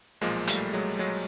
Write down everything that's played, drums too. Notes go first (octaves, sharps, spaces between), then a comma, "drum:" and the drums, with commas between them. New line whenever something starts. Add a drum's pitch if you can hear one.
B1 A#2 F3 G#3 A#3
G3 A3, drum: hi-hat
F#3 G#3
F#3 G#3